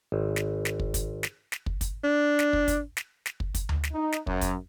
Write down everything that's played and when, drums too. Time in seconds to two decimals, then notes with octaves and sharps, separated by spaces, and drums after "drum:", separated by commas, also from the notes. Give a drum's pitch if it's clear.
0.12 G#1
0.36 drum: snare
0.65 drum: snare
0.80 drum: kick
0.94 drum: kick, hi-hat
1.23 drum: snare
1.52 drum: snare
1.66 drum: kick
1.81 drum: kick, hi-hat
2.04 D4
2.39 drum: snare
2.53 drum: kick
2.68 drum: kick, hi-hat
2.97 drum: snare
3.26 drum: snare
3.40 drum: kick
3.55 drum: kick, hi-hat
3.69 drum: tom D2
3.83 drum: snare
3.93 D#4
4.12 drum: snare
4.27 F#2, drum: kick
4.41 drum: kick, hi-hat